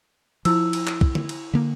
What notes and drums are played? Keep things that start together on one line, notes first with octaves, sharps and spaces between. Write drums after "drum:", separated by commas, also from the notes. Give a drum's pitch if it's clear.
F3 E4 E6, drum: cymbal
drum: cymbal
drum: clap
drum: kick
drum: tom
drum: cymbal
D3 A#3